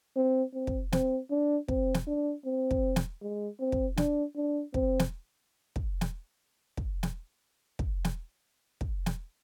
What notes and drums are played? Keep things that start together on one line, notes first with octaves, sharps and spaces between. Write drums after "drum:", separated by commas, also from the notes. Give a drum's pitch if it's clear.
C4
C4
drum: kick
C4, drum: snare
D4
C4, drum: kick
drum: snare
D4
C4
drum: kick
drum: snare
G#3
C4
drum: kick
D4, drum: snare
D4
C4, drum: kick
drum: snare
drum: kick
drum: snare
drum: kick
drum: snare
drum: kick
drum: snare
drum: kick
drum: snare